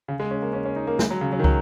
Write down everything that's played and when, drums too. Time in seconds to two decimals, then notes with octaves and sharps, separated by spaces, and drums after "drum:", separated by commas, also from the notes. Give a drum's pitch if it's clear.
0.08 C#3
0.20 G#3
0.31 C#4
0.42 A#3
0.53 C#4
0.65 C#4
0.76 D#4
0.87 A#3
0.99 G#3, drum: snare
1.11 F#3
1.21 C#3
1.33 F#3
1.39 D#3
1.44 F#3, drum: kick